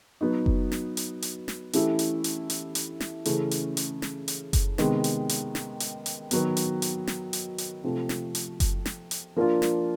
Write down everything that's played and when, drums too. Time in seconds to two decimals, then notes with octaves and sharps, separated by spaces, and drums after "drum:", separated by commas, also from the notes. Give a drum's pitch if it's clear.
0.21 F#3 B3 D#4
0.46 drum: kick F#1
0.72 drum: snare
0.97 drum: hi-hat
1.22 drum: hi-hat
1.48 drum: snare
1.73 E3 A3 C#4 E4 G4, drum: hi-hat
1.99 drum: hi-hat
2.24 drum: hi-hat
2.50 drum: hi-hat
2.75 drum: hi-hat
3.00 drum: snare
3.25 C#3 E3 A3 C#4, drum: hi-hat
3.51 drum: hi-hat
3.77 drum: hi-hat
4.02 drum: snare
4.28 drum: hi-hat
4.53 drum: kick F#1, hi-hat
4.78 C3 D#3 G#3 B3, drum: snare
5.04 drum: hi-hat
5.29 drum: hi-hat
5.55 drum: snare
5.80 drum: hi-hat
6.06 drum: hi-hat
6.31 D#3 F#3 B3, drum: hi-hat
6.57 drum: hi-hat
6.82 drum: hi-hat
7.07 drum: snare
7.33 drum: hi-hat
7.58 drum: hi-hat
7.84 C3 F3 A3
8.09 drum: snare
8.35 drum: hi-hat
8.60 drum: kick F#1, hi-hat
8.86 drum: snare
9.11 drum: hi-hat
9.36 F3 A#3 D4 F4
9.62 drum: snare